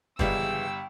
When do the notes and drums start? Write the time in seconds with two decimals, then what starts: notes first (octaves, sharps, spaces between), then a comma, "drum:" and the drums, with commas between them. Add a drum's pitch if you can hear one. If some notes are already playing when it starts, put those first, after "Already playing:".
0.19 G1 C#3 E3 G3 G#3 G5 E6, drum: kick